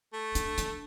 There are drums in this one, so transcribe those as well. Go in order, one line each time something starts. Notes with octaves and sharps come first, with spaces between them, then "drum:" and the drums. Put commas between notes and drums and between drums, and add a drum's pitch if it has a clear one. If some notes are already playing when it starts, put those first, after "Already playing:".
A3
D4, drum: hi-hat
D4, drum: hi-hat